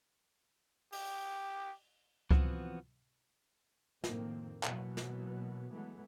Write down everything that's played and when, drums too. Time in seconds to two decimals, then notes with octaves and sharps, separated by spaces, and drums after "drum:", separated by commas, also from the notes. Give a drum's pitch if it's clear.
0.92 G4, drum: open hi-hat
2.31 E3 F3 B3 C4 F#4, drum: kick C#2
4.04 F2 A2 D#3 A#3 C4, drum: snare
4.63 B2 E3 F#3 A#3 B3, drum: clap
4.97 drum: snare
5.71 E3 F#3 G#3 A3 B3